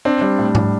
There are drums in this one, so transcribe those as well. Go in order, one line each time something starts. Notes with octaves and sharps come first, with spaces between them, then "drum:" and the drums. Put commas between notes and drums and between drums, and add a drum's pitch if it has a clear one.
C4 D4
G3
A2
G3, drum: tom G#2